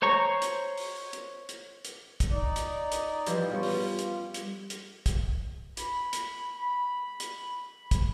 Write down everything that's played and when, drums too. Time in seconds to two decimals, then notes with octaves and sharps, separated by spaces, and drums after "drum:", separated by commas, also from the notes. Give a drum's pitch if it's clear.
0.02 C5 C#5 A#5 C#6
0.42 drum: hi-hat
0.77 drum: open hi-hat
1.13 drum: hi-hat
1.49 drum: hi-hat
1.85 drum: hi-hat
2.20 drum: kick, hi-hat
2.31 D#4 D5
2.56 drum: hi-hat
2.92 drum: hi-hat
3.26 E3 F3 G3, drum: hi-hat
3.50 G3 B3 C#4 F4
3.63 drum: open hi-hat
3.99 drum: hi-hat
4.34 drum: hi-hat
4.70 drum: hi-hat
5.06 drum: kick, hi-hat
5.77 B5, drum: hi-hat
6.13 drum: hi-hat
6.57 B5
7.20 drum: hi-hat
7.91 drum: kick, hi-hat